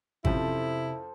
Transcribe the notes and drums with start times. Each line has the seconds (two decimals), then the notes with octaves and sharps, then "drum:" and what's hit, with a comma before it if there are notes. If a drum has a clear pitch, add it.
0.25 F2 C3 C#4 E4 A4 C5 A5, drum: kick G#1